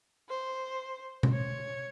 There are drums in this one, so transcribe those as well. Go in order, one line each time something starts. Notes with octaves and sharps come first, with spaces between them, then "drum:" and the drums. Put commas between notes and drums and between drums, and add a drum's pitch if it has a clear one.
C5
drum: tom B2
C#5